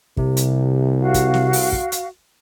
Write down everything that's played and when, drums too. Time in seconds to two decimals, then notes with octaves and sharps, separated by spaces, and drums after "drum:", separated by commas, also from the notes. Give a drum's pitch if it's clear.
0.17 C2 C3, drum: kick
0.37 drum: hi-hat
1.00 F#4 F5
1.14 drum: kick, hi-hat
1.34 drum: snare
1.53 drum: open hi-hat
1.72 drum: kick
1.92 drum: hi-hat